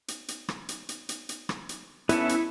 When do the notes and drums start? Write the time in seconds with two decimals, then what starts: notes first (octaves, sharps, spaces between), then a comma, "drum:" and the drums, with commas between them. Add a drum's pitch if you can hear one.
0.08 drum: hi-hat
0.28 drum: hi-hat
0.48 drum: rim click
0.69 drum: hi-hat
0.89 drum: hi-hat
1.09 drum: hi-hat
1.29 drum: hi-hat
1.49 drum: rim click
1.69 drum: hi-hat
2.09 B3 C#4 E4 A4, drum: hi-hat
2.29 drum: hi-hat